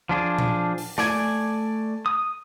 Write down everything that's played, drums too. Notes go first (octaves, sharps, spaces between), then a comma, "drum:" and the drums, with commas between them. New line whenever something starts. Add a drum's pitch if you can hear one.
F3 D4 G#4
drum: tom A#2
drum: open hi-hat
A3 D5 G#5, drum: snare
D#6